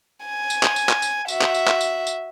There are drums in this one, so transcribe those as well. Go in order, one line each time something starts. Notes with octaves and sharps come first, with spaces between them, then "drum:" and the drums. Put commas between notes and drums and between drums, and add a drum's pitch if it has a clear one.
G#5
drum: tambourine
drum: clap
drum: tambourine
drum: clap
drum: tambourine
F#4 E5, drum: tambourine
drum: clap
drum: tambourine
drum: clap
drum: tambourine
drum: tambourine